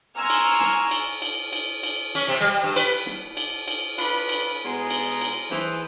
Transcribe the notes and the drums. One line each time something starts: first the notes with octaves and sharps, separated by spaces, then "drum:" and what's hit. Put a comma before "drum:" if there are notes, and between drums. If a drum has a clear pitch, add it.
G#5 A#5 C6 C#6 E6 F6
drum: cymbal
drum: snare
drum: cymbal
drum: cymbal
drum: cymbal
drum: cymbal
C#4, drum: cymbal
C3
G3
G2
B4, drum: cymbal
drum: snare
drum: cymbal
drum: cymbal
D4 F4 B4 B5, drum: cymbal
drum: cymbal
B2 G#3 B3 G#5 A#5 C6
drum: cymbal
drum: cymbal
E3 G#4 C5, drum: snare